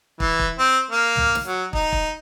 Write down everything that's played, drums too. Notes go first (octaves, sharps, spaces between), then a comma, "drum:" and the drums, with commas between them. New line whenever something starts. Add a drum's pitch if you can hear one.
E3, drum: kick
drum: kick
C4
A#3
drum: tom
drum: snare
F#3
D#4, drum: kick
drum: kick